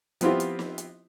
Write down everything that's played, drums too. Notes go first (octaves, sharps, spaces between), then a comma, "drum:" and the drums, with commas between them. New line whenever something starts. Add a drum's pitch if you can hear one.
F3 B3 C4 E4 F4 G4, drum: hi-hat
drum: hi-hat
drum: snare
drum: hi-hat